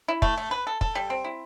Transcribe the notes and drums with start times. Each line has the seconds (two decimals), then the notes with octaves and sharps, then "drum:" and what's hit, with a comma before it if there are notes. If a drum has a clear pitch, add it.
0.08 E4
0.22 A3, drum: kick
0.37 A3
0.51 B4
0.67 A4
0.81 A4, drum: kick
0.95 G3
1.10 C4
1.24 E4